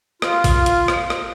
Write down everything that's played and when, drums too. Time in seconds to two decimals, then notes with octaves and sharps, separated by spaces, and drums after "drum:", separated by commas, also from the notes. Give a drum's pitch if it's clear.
0.22 F4, drum: rim click
0.44 drum: kick A1, open hi-hat
0.66 drum: hi-hat
0.88 drum: rim click
1.10 drum: rim click